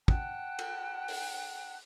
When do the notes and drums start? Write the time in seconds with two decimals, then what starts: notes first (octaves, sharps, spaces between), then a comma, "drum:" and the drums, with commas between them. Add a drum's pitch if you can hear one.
0.08 F#5 G5 A5 F#6, drum: kick
0.59 drum: cymbal
1.08 drum: open hi-hat